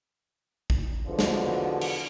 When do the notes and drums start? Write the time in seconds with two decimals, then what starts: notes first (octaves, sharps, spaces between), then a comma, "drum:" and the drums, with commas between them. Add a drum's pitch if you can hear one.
0.70 drum: kick
1.06 E2 B2 D3 F3 B3
1.19 drum: snare
1.81 drum: cymbal